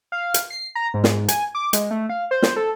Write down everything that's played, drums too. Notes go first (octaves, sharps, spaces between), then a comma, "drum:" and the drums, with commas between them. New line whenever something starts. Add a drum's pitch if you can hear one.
F5
drum: hi-hat
C7
A#5
G#2
drum: snare
G#5, drum: hi-hat
D6
G#3, drum: hi-hat
A3
F5
C5
drum: snare
A4